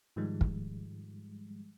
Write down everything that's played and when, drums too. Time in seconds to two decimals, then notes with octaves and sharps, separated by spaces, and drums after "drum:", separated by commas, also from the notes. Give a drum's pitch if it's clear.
0.16 G#2 D#3 F3 G3 G#3
0.41 drum: kick